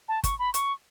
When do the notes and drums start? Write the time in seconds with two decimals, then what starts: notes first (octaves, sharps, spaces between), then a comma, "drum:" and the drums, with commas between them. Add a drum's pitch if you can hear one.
0.09 A5
0.24 C#6, drum: kick, hi-hat
0.39 B5
0.54 C#6, drum: hi-hat